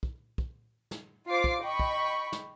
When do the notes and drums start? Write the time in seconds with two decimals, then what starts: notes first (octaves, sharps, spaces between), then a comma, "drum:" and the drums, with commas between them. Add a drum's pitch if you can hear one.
0.03 drum: kick
0.38 drum: kick
0.91 drum: snare
1.27 F4 C5 D6 C7
1.44 drum: kick
1.62 D#5 G5 B5 C#6
1.79 drum: kick
2.32 drum: snare